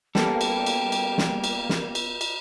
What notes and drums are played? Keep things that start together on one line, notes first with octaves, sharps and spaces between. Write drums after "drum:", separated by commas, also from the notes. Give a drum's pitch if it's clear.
G3 A#3 B3 C#4 A4 G5, drum: snare
drum: cymbal
drum: cymbal
drum: cymbal
drum: snare
drum: cymbal
drum: snare
drum: cymbal
drum: cymbal